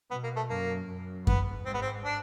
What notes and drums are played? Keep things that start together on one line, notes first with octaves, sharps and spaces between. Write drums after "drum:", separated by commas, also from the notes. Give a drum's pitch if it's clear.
B2 B3
A#3
A3
F#2 A#3
F#2
G#2 B3, drum: kick F#2
G#2 C4
B3
C4
D4